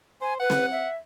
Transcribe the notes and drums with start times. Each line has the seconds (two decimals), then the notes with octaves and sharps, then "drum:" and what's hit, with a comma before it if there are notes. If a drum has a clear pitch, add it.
0.22 C5 G#5
0.40 B4 F#5
0.50 drum: snare C4
0.71 E5